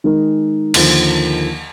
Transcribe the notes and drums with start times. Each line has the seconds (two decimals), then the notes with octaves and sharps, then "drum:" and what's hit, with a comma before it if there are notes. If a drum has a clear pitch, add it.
0.04 D#3 G#3 D#4 A#4
0.74 D#2 D3 F3 A#3 D#4, drum: cymbal